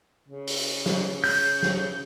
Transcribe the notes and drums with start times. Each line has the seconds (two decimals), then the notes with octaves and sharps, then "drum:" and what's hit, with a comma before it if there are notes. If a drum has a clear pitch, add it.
0.28 C#3
0.47 drum: open hi-hat
0.86 drum: snare
1.24 G6, drum: open hi-hat
1.63 drum: snare